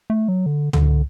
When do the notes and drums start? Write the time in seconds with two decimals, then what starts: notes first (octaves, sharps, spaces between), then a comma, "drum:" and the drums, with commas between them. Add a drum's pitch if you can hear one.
0.10 A3
0.28 F#3
0.46 D3
0.73 D3, drum: tom C#2